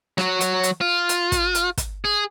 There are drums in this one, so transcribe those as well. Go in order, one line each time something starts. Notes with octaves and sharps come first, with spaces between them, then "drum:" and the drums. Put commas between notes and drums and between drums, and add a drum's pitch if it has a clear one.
F#3 F#4, drum: rim click
drum: hi-hat
drum: hi-hat
F4
drum: hi-hat
drum: kick, hi-hat
drum: hi-hat
drum: kick, hi-hat
G#4